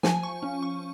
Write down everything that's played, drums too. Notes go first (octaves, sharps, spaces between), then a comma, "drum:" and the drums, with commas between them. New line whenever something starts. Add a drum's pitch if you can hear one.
F3 G#5, drum: snare
C#6
C#4
C#6